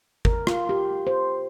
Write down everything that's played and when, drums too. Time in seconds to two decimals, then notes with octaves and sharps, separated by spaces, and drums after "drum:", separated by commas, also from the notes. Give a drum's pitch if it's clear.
0.25 A#4, drum: kick G#1
0.47 F4, drum: rim click
0.69 G4
1.07 C5